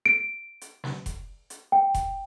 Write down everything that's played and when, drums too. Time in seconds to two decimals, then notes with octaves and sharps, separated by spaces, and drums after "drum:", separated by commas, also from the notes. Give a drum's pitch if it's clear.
0.06 D7
0.61 drum: hi-hat
0.84 drum: snare
1.06 drum: kick F1, hi-hat
1.50 drum: hi-hat
1.72 G5
1.94 drum: kick F1, hi-hat